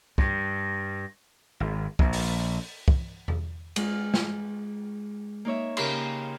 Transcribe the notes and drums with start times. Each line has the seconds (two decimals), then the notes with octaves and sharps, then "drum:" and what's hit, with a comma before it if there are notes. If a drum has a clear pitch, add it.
0.18 G2, drum: kick
1.60 G#1
1.99 A#1, drum: kick
2.13 drum: open hi-hat
2.88 drum: kick
3.28 drum: tom E2
3.76 G#3 F6, drum: cymbal
4.14 drum: snare
5.45 A#3 D#4 C#5 E5
5.77 C#3 G4 A#4 F5 B5 C6, drum: cymbal